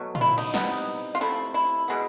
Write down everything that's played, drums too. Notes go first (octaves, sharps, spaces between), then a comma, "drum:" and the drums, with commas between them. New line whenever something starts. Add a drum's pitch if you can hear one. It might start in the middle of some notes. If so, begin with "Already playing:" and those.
Already playing: B2 F#3 A3
F4, drum: tom A#2
E4
D#4, drum: cymbal
C3 E3 G3 B3 D#4, drum: snare
F4
C3 F3 A3 E4
E4
B2 G#3 B3